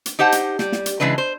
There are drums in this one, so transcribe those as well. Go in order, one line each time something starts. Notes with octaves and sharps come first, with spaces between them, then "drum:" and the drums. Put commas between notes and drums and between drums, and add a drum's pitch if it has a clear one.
drum: hi-hat
D#4 G4 C5 F#5 A5
drum: hi-hat
G3, drum: snare
drum: snare
drum: hi-hat
C#3 E3 G#3 D4 B4
C5